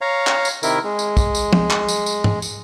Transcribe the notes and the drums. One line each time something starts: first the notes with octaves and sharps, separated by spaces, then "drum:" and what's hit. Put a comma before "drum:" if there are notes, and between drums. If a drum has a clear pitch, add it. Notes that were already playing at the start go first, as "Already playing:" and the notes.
C#5 F5 A#5
drum: clap
drum: tambourine
C3 D#3 E4 A#4, drum: tambourine
G#3
drum: tambourine
drum: kick, tambourine
drum: tambourine
drum: tom
drum: clap
drum: tambourine
drum: tambourine
drum: tom G#2
drum: tambourine